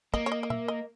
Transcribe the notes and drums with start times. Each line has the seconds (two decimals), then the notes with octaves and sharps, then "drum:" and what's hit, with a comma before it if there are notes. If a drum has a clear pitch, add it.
0.14 A#3 D#5, drum: kick
0.26 C#5
0.32 D#5
0.43 D#5
0.50 E5, drum: tom
0.68 D#5